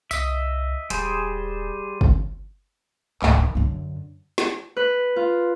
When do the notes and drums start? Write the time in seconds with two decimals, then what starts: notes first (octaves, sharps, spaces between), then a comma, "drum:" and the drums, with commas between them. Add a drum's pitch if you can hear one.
0.11 C2 D#5 E5, drum: tambourine
0.90 D#1 G3 G#4 C5, drum: hi-hat
2.01 drum: kick
3.22 D2 A2, drum: clap
3.37 D#3
3.55 F#2 D3
4.38 drum: snare
4.76 B4
5.16 F4